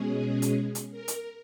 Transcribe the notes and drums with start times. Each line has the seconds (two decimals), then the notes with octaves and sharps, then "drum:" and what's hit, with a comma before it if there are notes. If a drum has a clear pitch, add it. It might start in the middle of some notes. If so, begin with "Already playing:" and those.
Already playing: B2 G#3 C#4 G#4
0.42 drum: hi-hat
0.75 drum: hi-hat
0.91 A#4
1.08 drum: hi-hat